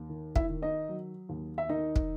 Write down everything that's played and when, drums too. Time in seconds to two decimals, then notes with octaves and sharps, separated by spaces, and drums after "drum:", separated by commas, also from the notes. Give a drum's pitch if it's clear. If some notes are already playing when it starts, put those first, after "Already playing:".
Already playing: D#2
0.09 D#3
0.36 E4 E5, drum: kick
0.49 D#3
0.62 D#4 D#5
0.89 F#3
1.29 D#2
1.58 E5
1.69 D#3 D#4 D#5
1.96 drum: kick